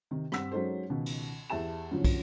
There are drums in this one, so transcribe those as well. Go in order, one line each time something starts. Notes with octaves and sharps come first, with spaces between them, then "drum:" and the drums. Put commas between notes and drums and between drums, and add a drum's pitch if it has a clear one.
C3 D#3
G2 C4 F#5 E6 B6, drum: rim click
F#3 G#3 C#4 D#4 A4 C5
C#2 B2 D#3
drum: cymbal
E2 G4 E5 A5 E7
F#2 A2 D3 F3 F#3
drum: kick, cymbal